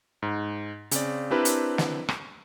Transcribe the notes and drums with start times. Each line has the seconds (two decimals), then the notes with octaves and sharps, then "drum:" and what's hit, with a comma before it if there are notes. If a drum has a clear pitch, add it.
0.22 G#2
0.91 C#3 C4 D5, drum: hi-hat
1.31 C4 D4 E4 G4 A#4 B4
1.45 drum: hi-hat
1.78 drum: snare
2.09 drum: rim click